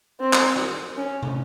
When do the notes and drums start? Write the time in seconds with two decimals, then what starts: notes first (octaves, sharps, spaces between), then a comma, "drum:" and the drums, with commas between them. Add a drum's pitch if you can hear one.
0.20 C4
0.33 drum: clap
0.56 drum: rim click
0.97 C#4
1.23 drum: tom